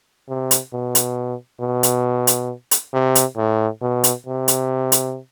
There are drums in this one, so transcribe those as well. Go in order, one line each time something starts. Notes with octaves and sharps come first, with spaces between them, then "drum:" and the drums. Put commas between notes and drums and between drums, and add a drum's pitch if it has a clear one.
C3
drum: hi-hat
B2
drum: hi-hat
B2
drum: hi-hat
drum: hi-hat
drum: hi-hat
C3
drum: hi-hat
A2
B2
drum: hi-hat
C3
drum: hi-hat
drum: hi-hat